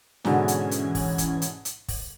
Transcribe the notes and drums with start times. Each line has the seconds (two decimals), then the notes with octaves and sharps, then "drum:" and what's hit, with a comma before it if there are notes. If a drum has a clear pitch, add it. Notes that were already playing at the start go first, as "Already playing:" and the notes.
0.25 G#2 B2 D3 E3 C#4 G#6, drum: snare
0.48 drum: hi-hat
0.71 drum: hi-hat
0.95 drum: kick, open hi-hat
1.18 drum: kick, hi-hat
1.42 drum: hi-hat
1.65 drum: hi-hat
1.88 drum: kick, open hi-hat